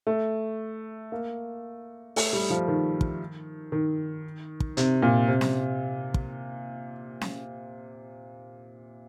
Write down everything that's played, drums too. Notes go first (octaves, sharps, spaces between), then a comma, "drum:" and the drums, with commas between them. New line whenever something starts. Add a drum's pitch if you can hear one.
A3
A#3
A3, drum: open hi-hat
G3
F3
D#3
drum: kick
D#3
drum: kick
C3, drum: hi-hat
A#2
C3
drum: snare C#4
drum: kick
drum: snare C#4